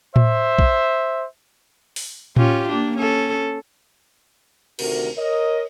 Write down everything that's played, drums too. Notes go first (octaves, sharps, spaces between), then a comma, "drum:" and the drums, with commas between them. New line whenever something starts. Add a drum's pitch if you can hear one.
C5 E5, drum: tom A2
drum: kick
drum: open hi-hat
C#4 F4 G4, drum: tom A2
A#3 D4
C#4 A4
D2 C3 D#3 A3 F#4 A#4, drum: cymbal
A#4 C#5 D#5